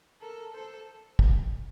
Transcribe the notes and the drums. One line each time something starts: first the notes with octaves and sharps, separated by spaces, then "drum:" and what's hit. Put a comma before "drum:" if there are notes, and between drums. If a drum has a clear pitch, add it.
A4 A#4
A4 C5
drum: kick